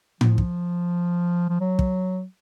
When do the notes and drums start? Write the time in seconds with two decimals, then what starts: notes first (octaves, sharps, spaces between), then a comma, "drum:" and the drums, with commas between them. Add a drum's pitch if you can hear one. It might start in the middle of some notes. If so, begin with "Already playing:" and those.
0.21 F3, drum: tom A2
0.38 drum: kick
1.49 F3
1.61 F#3
1.79 drum: kick